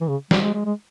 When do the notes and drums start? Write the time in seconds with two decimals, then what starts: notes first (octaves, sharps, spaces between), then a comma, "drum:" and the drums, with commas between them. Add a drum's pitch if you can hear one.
0.01 E3
0.08 C#3
0.31 G3, drum: snare
0.42 G#3
0.54 G#3
0.65 G#3